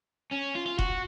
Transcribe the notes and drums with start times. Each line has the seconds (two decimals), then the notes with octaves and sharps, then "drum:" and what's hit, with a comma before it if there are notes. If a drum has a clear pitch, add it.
0.32 C#4
0.56 F4
0.66 F4
0.79 F#4, drum: kick F1